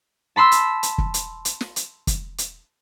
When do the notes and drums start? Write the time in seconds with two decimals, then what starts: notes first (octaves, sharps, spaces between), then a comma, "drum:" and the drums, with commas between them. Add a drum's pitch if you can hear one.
0.36 A5 B5 C6 E6
0.52 drum: hi-hat
0.83 drum: hi-hat
0.98 drum: kick
1.14 drum: hi-hat
1.45 drum: hi-hat
1.61 drum: snare
1.76 drum: hi-hat
2.07 drum: kick, hi-hat
2.38 drum: hi-hat